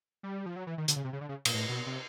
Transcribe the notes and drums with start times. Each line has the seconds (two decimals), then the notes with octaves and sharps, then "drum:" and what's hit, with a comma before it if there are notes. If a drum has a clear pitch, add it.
0.23 G3
0.46 F3
0.56 F#3
0.67 E3
0.78 D#3
0.88 D3, drum: hi-hat
0.96 C#3
1.04 C3
1.13 C#3
1.21 D3
1.29 C#3
1.45 A#2, drum: cymbal
1.54 A2
1.69 B2
1.87 C3